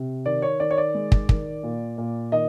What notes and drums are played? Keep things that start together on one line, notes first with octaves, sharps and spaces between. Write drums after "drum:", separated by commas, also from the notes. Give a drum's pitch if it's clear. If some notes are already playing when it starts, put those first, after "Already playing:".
Already playing: C3
D#3 D5
C#5
D#3 D5
C#5
D5
G#3
drum: kick
D#3, drum: kick
A#2
A#2
D#3 D#5